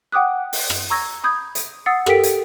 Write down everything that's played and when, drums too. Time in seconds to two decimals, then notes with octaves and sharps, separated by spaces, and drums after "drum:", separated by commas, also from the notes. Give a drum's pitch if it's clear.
0.12 F#5 G5 D6 D#6 F#6
0.53 drum: open hi-hat
0.70 drum: rim click
0.90 A#5 C#6 E6 G#6 A#6
1.24 B5 D#6 G6 G#6
1.55 drum: hi-hat
1.86 F#5 D#6 E6 A6 C7 C#7
2.06 G4 A4 A#4 G5 B6 D7, drum: rim click
2.23 drum: hi-hat